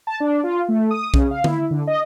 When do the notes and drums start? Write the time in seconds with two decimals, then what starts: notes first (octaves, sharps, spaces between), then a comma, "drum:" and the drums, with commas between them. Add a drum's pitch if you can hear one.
0.07 A5
0.20 D4
0.44 F4
0.68 A3
0.91 D#6
1.14 C#3, drum: kick B1
1.31 F5
1.44 E4, drum: tom D3
1.71 D3
1.87 D#5